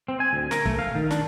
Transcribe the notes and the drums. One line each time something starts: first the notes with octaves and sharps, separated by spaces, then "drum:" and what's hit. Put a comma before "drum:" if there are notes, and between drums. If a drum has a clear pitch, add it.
C4
G#5
D2
A#4, drum: snare
A3, drum: kick
F5
D#3
D4, drum: snare